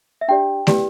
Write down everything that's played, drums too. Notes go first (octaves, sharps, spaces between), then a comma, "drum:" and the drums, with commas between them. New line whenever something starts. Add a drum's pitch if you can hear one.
E5
D4 G4 D5 G5
E4 G4 B4 D5, drum: snare